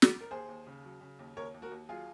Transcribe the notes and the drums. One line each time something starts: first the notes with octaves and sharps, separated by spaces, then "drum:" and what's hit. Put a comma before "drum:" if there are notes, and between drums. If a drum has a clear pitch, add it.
drum: snare
A#4
D#2 G#4 C5
D#2
C#3
F#3
C#3
D#2
D#2 A#4 C#5
D#2
F#4 A#4
D#2
F#3 F4 G#4